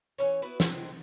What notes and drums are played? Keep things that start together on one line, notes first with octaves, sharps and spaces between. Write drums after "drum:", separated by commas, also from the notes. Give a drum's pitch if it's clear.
E3 C#4 C#5
B3 E4 F#4 B4
D3 G#3 B3 C4, drum: snare